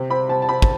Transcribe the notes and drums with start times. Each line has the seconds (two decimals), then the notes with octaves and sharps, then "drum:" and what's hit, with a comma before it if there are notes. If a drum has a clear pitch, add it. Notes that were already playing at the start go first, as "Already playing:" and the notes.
Already playing: C3
0.10 C4 B5
0.29 C3 A5
0.42 A5
0.49 C4 B5
0.62 drum: kick